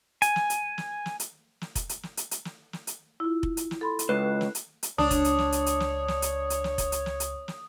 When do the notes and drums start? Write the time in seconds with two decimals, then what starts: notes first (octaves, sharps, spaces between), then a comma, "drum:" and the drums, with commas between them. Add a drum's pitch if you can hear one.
0.22 G#5, drum: hi-hat
0.36 drum: snare
0.50 drum: hi-hat
0.78 drum: snare
1.06 drum: snare
1.20 drum: hi-hat
1.61 drum: snare
1.75 drum: kick F1, hi-hat
1.89 drum: hi-hat
2.03 drum: snare
2.17 drum: hi-hat
2.31 drum: hi-hat
2.45 drum: snare
2.73 drum: snare
2.87 drum: hi-hat
3.20 E4 F4
3.43 drum: kick F1
3.57 drum: hi-hat
3.71 drum: snare
3.81 A4 B5 C6
3.99 drum: hi-hat
4.09 C#2 B4
4.41 drum: snare
4.55 drum: hi-hat
4.83 drum: hi-hat
4.98 C#2 D4 C#5 D#6, drum: snare
5.11 drum: kick F1, hi-hat
5.24 drum: hi-hat
5.38 drum: snare
5.52 drum: hi-hat
5.66 drum: hi-hat
5.80 drum: snare
6.08 drum: snare
6.22 drum: hi-hat
6.50 drum: hi-hat
6.64 drum: snare
6.78 drum: kick F1, hi-hat
6.92 drum: hi-hat
7.06 drum: snare
7.20 drum: hi-hat
7.48 drum: snare